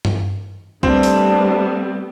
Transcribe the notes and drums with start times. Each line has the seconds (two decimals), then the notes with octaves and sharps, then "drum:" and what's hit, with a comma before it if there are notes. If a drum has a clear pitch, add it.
0.05 drum: tom G2
0.83 G3 A3 B3 C4 D4, drum: kick
1.03 drum: open hi-hat